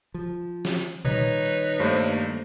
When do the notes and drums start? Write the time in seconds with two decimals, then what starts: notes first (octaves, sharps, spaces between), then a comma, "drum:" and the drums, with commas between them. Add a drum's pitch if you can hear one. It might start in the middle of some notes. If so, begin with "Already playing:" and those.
0.14 F3
0.65 drum: snare
1.05 A#2 D#3 G3 D#4 B4 C#5, drum: tom A#2
1.46 drum: hi-hat
1.80 G2 A3 A#3 C5